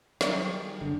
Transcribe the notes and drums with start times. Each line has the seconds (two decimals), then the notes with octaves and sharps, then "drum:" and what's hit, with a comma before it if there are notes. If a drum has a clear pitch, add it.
0.21 D#3 F#3 G3 G#4, drum: snare
0.81 F#1 D3